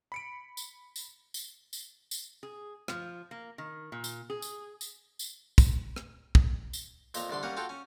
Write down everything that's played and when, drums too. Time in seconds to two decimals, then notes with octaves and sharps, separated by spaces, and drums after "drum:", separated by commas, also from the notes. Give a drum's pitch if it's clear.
0.12 B5 C#7 D7
0.57 drum: tambourine
0.96 drum: tambourine
1.34 drum: tambourine
1.73 drum: tambourine
2.11 drum: tambourine
2.43 G#4
2.88 F3, drum: rim click
3.31 A#3
3.58 D#3
3.92 A#2
4.04 drum: tambourine
4.30 G#4
4.42 drum: tambourine
4.81 drum: tambourine
5.19 drum: tambourine
5.58 drum: kick, tambourine
5.96 drum: rim click
6.35 drum: kick
6.73 drum: tambourine
7.14 F2 A#2 E5 A#5, drum: tambourine
7.30 C2 D3 D5 C6
7.43 G3 A#3 C#4 F#5
7.57 F4 F#4 A4 G5
7.69 C#4